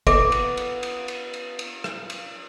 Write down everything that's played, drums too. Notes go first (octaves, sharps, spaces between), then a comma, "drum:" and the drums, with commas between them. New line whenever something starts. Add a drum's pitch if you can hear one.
B3 A4 E5 D6, drum: kick, cymbal
drum: cymbal
drum: cymbal
drum: cymbal
drum: cymbal
drum: cymbal
drum: cymbal
drum: rim click
drum: cymbal